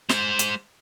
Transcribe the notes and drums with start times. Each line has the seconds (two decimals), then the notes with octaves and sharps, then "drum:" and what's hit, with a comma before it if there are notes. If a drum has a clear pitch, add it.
0.09 G#3 C5, drum: snare
0.39 drum: hi-hat